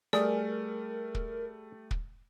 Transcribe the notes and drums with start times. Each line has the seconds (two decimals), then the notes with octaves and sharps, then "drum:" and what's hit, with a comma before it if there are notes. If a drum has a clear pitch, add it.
0.13 G3 A3 G#4 A#4 D5, drum: snare
1.15 drum: kick
1.91 drum: kick